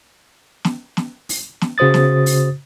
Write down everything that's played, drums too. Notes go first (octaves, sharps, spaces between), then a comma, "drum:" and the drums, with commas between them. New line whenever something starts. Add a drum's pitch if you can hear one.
drum: snare
drum: snare
drum: open hi-hat
drum: snare
C#3 F#4 C5 D#6 A6
drum: snare
drum: open hi-hat